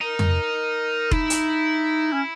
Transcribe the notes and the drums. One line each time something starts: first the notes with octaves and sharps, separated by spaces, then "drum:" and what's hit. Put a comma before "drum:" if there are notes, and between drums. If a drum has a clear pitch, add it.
D#4 A#4
drum: tom
D#4 E4, drum: kick F1
drum: hi-hat
C#4